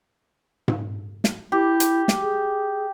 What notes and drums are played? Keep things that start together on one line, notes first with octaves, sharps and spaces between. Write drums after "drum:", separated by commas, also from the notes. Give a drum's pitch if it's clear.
drum: tom G#2
drum: snare
E4 G4
drum: hi-hat
drum: snare
G#4